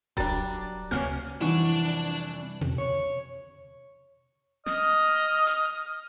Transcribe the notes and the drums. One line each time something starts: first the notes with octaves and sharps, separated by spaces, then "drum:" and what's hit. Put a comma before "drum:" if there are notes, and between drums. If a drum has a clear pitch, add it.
F#3 G3 D4 A#5 A6, drum: kick D#1
D2 C#3 A#3 C#4 F6, drum: snare
C2 F2 E3 D4 F#4
drum: tom B2
C#5
D#5 D#6 F6, drum: snare
drum: hi-hat